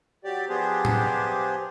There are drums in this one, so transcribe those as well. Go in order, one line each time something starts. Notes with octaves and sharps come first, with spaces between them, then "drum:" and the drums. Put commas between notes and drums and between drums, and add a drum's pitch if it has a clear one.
F#3 G4 D5
F3 B3 D4 G4 G#4 C5
drum: tom A2